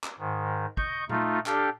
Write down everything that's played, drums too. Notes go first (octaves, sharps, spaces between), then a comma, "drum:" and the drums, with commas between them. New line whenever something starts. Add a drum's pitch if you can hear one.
drum: clap
G#2 D#3
D#5 C#6 G6, drum: kick
A3 D#4 F4, drum: tom A#2
D4 G4 A4 F5 G5, drum: clap